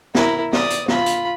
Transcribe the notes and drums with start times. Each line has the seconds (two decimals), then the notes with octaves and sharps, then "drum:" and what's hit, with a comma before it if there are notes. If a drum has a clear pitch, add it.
0.15 E4 A#4, drum: snare
0.53 D5 D#6, drum: snare
0.70 drum: hi-hat
0.88 F4 B5, drum: snare
1.06 drum: hi-hat